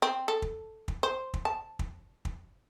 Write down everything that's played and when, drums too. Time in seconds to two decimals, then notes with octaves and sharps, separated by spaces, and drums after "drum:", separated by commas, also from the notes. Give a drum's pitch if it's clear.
0.02 C4
0.28 A4
0.42 drum: kick
0.88 drum: kick
1.03 C5
1.34 drum: kick
1.45 A5
1.79 drum: kick
2.25 drum: kick